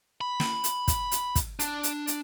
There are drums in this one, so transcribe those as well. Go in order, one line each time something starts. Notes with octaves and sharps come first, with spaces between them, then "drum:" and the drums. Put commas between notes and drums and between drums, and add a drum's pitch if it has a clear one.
B5
drum: snare
drum: hi-hat
drum: kick, hi-hat
drum: hi-hat
drum: kick, hi-hat
D4, drum: hi-hat
drum: hi-hat
drum: hi-hat